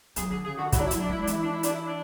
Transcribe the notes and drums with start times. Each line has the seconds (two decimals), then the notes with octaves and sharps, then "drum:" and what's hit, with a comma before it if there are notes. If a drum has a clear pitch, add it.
0.16 F#3 G#4, drum: hi-hat
0.30 D3 G#4
0.44 C#3 G#4
0.58 D3 F#4
0.72 F#3 E4, drum: kick, hi-hat
0.79 D4
0.86 E4
0.91 F#3, drum: hi-hat
0.99 D4
1.09 G#3 E4
1.21 D4
1.27 E3 E4, drum: hi-hat
1.43 D4
1.53 E4
1.63 D4, drum: hi-hat
1.74 E4
1.86 D4